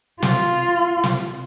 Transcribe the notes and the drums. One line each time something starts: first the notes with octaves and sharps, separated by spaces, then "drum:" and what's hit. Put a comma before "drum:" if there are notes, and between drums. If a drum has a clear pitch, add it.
F4, drum: snare
drum: snare